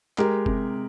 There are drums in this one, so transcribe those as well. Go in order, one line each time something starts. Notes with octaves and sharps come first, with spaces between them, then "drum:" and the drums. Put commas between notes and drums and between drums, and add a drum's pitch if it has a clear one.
G#3 G4 A#4, drum: clap
C3, drum: kick F#1